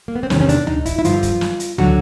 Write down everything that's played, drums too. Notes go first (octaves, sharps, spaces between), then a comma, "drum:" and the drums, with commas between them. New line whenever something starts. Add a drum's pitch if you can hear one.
A#3
B3
C4
E2 C3 D#3 C#4, drum: snare
C#4
D4, drum: hi-hat
D#4, drum: tom
E4, drum: kick E1, hi-hat
E4
G2 D3 F3 F4, drum: hi-hat
drum: kick E1, hi-hat
drum: snare
drum: hi-hat
D3 F#3 F#4, drum: tom